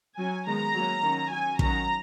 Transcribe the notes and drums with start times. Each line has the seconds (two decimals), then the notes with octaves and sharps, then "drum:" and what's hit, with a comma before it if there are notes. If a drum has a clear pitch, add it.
0.18 F#3 C#4 G#5
0.47 D#3 G#3 B3 A#5
0.74 F#3 A#3 C#4
1.02 D#3 F#3 C#4
1.31 F#3 C#4 G#5
1.59 D#3 F#3 C#4 A#5, drum: kick